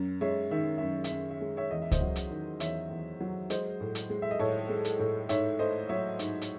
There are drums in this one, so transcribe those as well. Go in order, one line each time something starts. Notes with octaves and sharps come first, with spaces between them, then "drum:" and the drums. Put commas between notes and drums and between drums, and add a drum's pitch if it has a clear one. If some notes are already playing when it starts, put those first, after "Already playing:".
Already playing: F#2
G#3 C#5 E5
D#3 E5
F#2 E5
E5, drum: hi-hat
F#2
E5
G#3
C#5 E5
E2 D#5
E5
C5 D#5, drum: kick C#2, hi-hat
F#3
drum: hi-hat
D#3
E2 C#5 E5, drum: hi-hat
E2
F#3
G#3 C5 D#5, drum: hi-hat
A2
drum: hi-hat
G#3
E5
D#5
A2 A4 C#5
G#3
drum: hi-hat
A2
G#2 C#5 E5, drum: hi-hat
A3 C5 D#5
F#3 C#5 E5
G#2, drum: hi-hat
drum: hi-hat